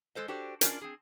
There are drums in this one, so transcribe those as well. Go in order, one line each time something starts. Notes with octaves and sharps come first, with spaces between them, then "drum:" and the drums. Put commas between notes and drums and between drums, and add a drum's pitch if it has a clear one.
G#3 A4 C5 D#5
D4 F#4 G4 A4 C5
C#4 D4 F4 A#4 C5 D5, drum: hi-hat
C4 G#4